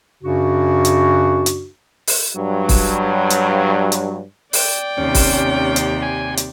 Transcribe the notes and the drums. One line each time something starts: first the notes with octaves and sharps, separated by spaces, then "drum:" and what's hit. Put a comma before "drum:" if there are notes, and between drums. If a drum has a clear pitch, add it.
F#2 C#3 D4 F#4
drum: hi-hat
drum: hi-hat
drum: open hi-hat
G2 F#3
drum: kick, open hi-hat
drum: hi-hat
drum: hi-hat
D5 G5, drum: open hi-hat
D#2 C3 C#4
drum: kick, open hi-hat
drum: hi-hat
G#5
drum: hi-hat